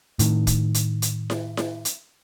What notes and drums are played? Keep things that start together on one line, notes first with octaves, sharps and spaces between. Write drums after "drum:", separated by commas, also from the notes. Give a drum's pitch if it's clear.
A2 D#3, drum: hi-hat
drum: kick, hi-hat
drum: hi-hat
drum: hi-hat
drum: snare E4
drum: snare E4
drum: hi-hat